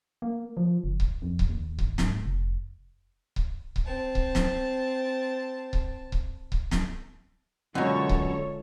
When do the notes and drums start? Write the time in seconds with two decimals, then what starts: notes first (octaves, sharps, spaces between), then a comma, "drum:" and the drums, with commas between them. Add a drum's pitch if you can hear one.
0.22 A#3
0.57 F3
0.84 F#1
1.00 drum: kick C#1
1.22 F2
1.39 drum: kick C#1
1.49 D#2
1.79 G#1, drum: kick C#1
1.98 G#2, drum: snare
2.26 F1
3.36 drum: kick C#1
3.76 drum: kick C#1
3.86 C4 A5
4.15 drum: kick C#1
4.35 drum: snare
5.73 drum: kick C#1
6.12 drum: kick C#1
6.52 drum: kick C#1
6.71 drum: snare
7.75 F#2 B2 D3 G#3 F4 A4 C#5
8.09 drum: kick C#1